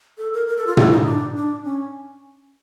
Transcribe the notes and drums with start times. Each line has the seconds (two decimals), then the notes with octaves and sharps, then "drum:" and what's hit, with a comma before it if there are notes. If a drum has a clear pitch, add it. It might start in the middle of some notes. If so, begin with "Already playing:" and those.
0.18 A4
0.33 A#4
0.47 A#4
0.57 A4
0.67 F4
0.77 E4, drum: tom
0.91 D#4
1.05 D4
1.36 D4
1.64 C#4